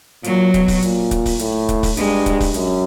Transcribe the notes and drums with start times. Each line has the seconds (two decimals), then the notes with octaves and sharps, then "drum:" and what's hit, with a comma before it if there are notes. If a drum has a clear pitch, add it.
0.24 A#2 F#3, drum: hi-hat
0.54 B2, drum: kick, hi-hat
0.68 drum: kick, open hi-hat
0.83 A#2, drum: hi-hat
1.11 drum: kick, hi-hat
1.26 drum: kick, open hi-hat
1.39 A2, drum: hi-hat
1.69 drum: kick, hi-hat
1.83 drum: kick, open hi-hat
1.97 G2 G#3, drum: hi-hat
2.26 drum: kick, hi-hat
2.40 drum: kick, open hi-hat
2.54 F#2, drum: hi-hat